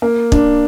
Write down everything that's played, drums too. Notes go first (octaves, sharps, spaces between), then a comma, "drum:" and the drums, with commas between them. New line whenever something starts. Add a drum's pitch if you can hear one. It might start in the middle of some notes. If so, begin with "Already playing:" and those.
A#3
D4, drum: kick